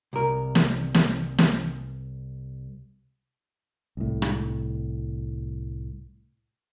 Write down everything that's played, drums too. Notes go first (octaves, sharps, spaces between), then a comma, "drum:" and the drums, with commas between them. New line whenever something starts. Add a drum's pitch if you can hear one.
C2 A#4
drum: snare
drum: snare
drum: snare
C2 A2
drum: rim click